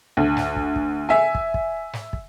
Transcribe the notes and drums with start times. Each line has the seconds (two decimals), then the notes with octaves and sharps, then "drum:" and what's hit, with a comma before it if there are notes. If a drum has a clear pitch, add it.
0.17 D2
0.37 drum: snare
0.56 drum: kick
0.76 drum: kick
1.09 E5 G#5
1.35 drum: kick
1.54 drum: kick
1.93 drum: snare
2.13 drum: kick